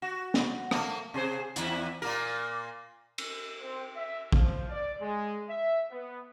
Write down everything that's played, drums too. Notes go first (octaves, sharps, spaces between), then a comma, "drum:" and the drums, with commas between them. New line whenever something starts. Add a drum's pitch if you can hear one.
F#4
drum: snare
A3 A#3, drum: rim click
C3 G#4 C5
E2 E4, drum: hi-hat
A#2 A#3 A#4
drum: cymbal
C4
E5
F3, drum: kick
D5
G#3
E5
B3